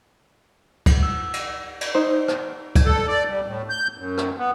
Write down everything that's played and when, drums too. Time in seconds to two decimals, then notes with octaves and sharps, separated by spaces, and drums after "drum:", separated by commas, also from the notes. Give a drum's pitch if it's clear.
0.86 drum: kick C#2, cymbal
1.03 E6
1.34 drum: cymbal
1.81 drum: cymbal
1.95 D#4 C5
2.28 drum: rim click
2.75 drum: kick C#2, cymbal
2.85 A4
3.07 D5
3.28 G3
3.46 A2
3.70 G6
3.98 F#2
4.17 drum: rim click
4.38 B3